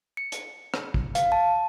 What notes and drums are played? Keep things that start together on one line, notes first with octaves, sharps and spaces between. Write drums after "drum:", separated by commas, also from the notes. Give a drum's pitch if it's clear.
C#7
drum: hi-hat
drum: rim click
drum: kick
F5, drum: hi-hat
A5